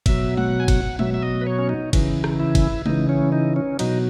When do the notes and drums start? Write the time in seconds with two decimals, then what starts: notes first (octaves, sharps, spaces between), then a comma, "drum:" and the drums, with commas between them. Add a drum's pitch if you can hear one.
0.06 B2 F#3 E5, drum: kick F#1, cymbal
0.37 F#5, drum: tom G#3
0.60 G#5
0.68 F#5, drum: kick F#1, cymbal
0.99 B2 F#3 E5, drum: tom G#3
1.14 E5
1.23 D#5
1.41 B4
1.47 C#5
1.59 C#4
1.69 D#4
1.93 C#3 E3, drum: kick F#1, cymbal
2.24 drum: rim click
2.40 E4
2.55 drum: kick F#1, cymbal
2.86 C#3 E3 D#4, drum: tom G#3
3.09 C#4
3.32 D#4
3.56 C#4
3.79 B2 F#3 D#4, drum: cymbal